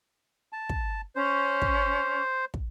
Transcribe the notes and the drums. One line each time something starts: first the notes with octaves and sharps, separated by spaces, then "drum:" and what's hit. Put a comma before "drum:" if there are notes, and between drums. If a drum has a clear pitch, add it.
A5
drum: kick
C#4 C5
drum: kick
drum: kick